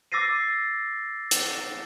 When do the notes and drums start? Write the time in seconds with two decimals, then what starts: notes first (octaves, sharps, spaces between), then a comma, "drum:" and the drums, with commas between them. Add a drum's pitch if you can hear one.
0.12 D6 E6 A6 A#6 C7 D#7
1.31 drum: hi-hat